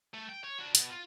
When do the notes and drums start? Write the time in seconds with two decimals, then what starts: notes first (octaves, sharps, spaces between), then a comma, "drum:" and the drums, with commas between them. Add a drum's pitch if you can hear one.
0.14 A3
0.29 G5
0.44 C#5
0.58 D4 F#4
0.75 B2, drum: hi-hat
0.90 F4